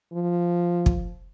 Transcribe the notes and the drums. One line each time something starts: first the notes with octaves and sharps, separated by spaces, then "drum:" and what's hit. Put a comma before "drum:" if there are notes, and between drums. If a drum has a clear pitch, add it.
F3
drum: kick